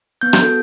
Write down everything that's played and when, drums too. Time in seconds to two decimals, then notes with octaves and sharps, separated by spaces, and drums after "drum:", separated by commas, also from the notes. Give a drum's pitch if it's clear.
0.21 B3 G6
0.33 G6, drum: rim click
0.39 F#4 A4